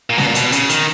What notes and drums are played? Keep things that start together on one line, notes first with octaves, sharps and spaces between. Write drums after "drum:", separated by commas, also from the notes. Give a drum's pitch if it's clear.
A#2
B2, drum: snare
A#2
B2, drum: hi-hat
C#3, drum: hi-hat
D#3, drum: hi-hat